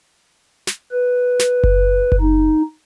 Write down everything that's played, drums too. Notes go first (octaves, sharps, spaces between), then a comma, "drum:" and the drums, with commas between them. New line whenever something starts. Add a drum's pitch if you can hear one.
drum: snare
B4
drum: snare
drum: kick F#1
drum: kick F#1
D#4